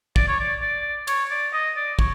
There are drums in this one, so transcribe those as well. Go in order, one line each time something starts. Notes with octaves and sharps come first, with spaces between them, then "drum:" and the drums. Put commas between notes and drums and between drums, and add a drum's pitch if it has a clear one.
D5, drum: kick
C#5
D5
D5
C#5, drum: cymbal
D5
D#5
D5
C#5, drum: kick